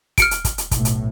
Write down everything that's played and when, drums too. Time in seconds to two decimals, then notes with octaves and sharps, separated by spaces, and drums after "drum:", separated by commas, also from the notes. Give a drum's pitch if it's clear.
0.18 F6 C#7 D7, drum: kick, hi-hat
0.31 drum: hi-hat
0.45 drum: kick, hi-hat
0.58 drum: hi-hat
0.71 B1 A2, drum: kick, hi-hat
0.85 drum: hi-hat